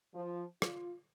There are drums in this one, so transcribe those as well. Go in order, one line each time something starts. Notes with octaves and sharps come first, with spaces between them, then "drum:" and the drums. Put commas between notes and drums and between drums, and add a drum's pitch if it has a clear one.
F3
F4, drum: rim click